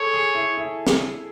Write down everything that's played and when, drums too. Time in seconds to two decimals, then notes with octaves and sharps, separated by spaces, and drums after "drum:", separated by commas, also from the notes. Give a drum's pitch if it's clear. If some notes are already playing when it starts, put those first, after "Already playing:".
Already playing: G#4 A4 C#5
0.13 G#4
0.35 E4
0.57 E4
0.87 drum: snare